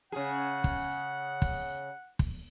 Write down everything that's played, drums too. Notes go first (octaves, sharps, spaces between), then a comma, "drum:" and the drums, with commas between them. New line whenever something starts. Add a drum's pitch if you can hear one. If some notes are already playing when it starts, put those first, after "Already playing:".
C#3 G#4 F#5
drum: kick
drum: kick
drum: kick